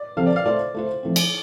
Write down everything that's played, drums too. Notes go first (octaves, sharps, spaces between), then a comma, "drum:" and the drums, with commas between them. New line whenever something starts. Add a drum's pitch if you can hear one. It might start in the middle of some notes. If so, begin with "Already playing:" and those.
Already playing: D5
C3 F3 C4 A4 F5
D5
F5
A3 F4 C5 D5
A3 F4 C5
F3 A3 C4
drum: cymbal